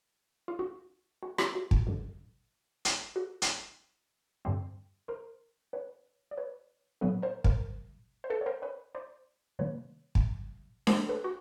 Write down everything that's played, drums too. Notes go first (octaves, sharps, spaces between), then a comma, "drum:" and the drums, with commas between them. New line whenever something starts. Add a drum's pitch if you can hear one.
F4
F#4
F#4
F4 G4, drum: rim click
F#4
F4, drum: kick
F#2 D3 G3 F#4
drum: hi-hat
F#4
drum: hi-hat
G2 D3 G3 C4
A#4 C5
B4 C#5
D5
B4 C#5
A#2 F#3 B3 A4 B4
A#4 C5
A#4 C5, drum: kick
C5
A4 B4
C#5
A#4 C5
B4 C#5
C5 D5
C3 D#3 G3 A#3 C#4 B4 C#5
drum: kick
A#4 C5, drum: snare D4
A4 B4
F#4